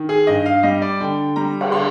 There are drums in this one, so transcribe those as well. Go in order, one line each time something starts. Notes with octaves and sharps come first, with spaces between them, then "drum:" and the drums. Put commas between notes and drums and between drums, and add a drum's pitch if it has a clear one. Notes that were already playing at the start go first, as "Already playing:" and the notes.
Already playing: D#3
G#4
G2 D#5
F5
G3 D#5
D5
D3 G5
G3 A#5
drum: cymbal
D3 C6